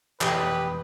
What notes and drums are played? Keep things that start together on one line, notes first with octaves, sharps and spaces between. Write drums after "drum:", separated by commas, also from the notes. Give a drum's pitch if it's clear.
F1 B2 E3 G4 B4 D#6, drum: clap